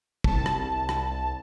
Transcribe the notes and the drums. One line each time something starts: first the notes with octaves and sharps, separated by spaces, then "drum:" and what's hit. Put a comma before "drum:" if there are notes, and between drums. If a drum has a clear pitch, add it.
C2 A5, drum: kick
drum: rim click
drum: rim click